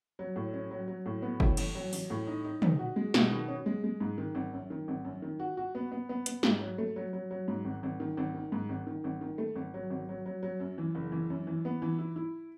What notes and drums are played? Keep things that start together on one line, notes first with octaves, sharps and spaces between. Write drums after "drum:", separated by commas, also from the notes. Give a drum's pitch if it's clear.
F#3
A2
C#4
F#3
F#3
A2
B3
A2, drum: kick
A1, drum: cymbal
F#3
A1, drum: open hi-hat
A2
D#4
D#4
D#4, drum: tom
F#4
G#3
B2, drum: snare
D#3
C#4
G#3
G#3
G#2
D#3
G#1
F#2
D#3
G#1
F#2
D#3
F#4
F#4
B3
B3
B3
B3, drum: hi-hat
G#2, drum: snare
F#3
A3
F#3
F#3
F#3
G#2
G#1
G#1
D#3
G#1
D#3
G#2
G#1
D#3
G#1
D#3
A3
G#1
F#3
G#1
F#3
F#3
F#3
F#2
E3
F#1
E3
F#2
E3
B3
E3
E4
E4